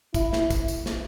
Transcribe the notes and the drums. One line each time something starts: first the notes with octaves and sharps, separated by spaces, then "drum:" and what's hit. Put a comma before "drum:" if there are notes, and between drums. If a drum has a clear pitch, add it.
E4, drum: kick, tambourine
drum: snare
drum: kick, tambourine
drum: tambourine
drum: snare